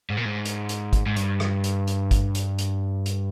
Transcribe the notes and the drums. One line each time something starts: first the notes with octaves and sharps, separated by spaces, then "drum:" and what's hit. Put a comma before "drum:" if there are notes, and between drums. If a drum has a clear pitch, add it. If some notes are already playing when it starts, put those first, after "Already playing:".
G#2
A#2
G#2
drum: hi-hat
drum: hi-hat
drum: kick G#1, hi-hat
G#2
G2, drum: hi-hat
drum: rim click
drum: hi-hat
drum: hi-hat
drum: kick G#1, hi-hat
drum: hi-hat
drum: hi-hat
drum: hi-hat